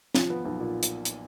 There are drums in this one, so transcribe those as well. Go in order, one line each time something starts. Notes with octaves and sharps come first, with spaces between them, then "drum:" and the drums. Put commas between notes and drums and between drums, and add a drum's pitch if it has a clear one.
F3, drum: snare
B3
B1
A#2
drum: hi-hat
drum: hi-hat